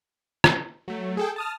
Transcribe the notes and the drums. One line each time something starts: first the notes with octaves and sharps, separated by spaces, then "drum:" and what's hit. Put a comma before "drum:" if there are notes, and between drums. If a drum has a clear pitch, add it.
drum: rim click
F#3 A3
G#4 A4 G5
A5 D#6 F6